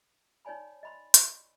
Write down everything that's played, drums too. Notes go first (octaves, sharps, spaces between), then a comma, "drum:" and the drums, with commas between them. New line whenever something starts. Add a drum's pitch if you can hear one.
D#4 C#5 D5 G#5 B5
D#5 B5 C6
drum: hi-hat